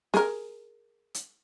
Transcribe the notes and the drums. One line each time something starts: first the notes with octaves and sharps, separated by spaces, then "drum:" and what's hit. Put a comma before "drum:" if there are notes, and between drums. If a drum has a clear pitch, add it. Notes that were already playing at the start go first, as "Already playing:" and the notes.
G#4 A#4, drum: snare
drum: hi-hat